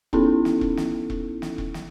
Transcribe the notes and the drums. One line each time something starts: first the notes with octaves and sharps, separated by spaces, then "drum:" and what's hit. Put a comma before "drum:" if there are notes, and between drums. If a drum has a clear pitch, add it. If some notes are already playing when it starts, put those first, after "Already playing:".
B3 C#4 D#4 E4 A4, drum: kick E1
drum: snare
drum: kick E1
drum: snare
drum: kick E1
drum: snare
drum: kick E1
drum: snare